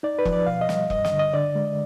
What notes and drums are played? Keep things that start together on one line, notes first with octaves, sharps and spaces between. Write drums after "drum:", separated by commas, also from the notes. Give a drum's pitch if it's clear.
D#4 D5
B4
F3, drum: kick E1
D5
B2 F5
D#5
G3, drum: snare
G2 D#5, drum: kick E1
D#5, drum: snare
D3
D#5
D3 D5
G#3